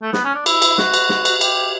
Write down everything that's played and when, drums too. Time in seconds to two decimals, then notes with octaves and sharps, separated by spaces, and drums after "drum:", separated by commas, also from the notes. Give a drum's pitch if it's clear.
0.02 A3
0.13 B3, drum: snare
0.24 C#4
0.35 D4
0.46 E4, drum: cymbal
0.62 drum: cymbal
0.78 F#4, drum: snare
0.94 drum: cymbal
1.09 drum: snare
1.25 drum: cymbal
1.41 G4, drum: cymbal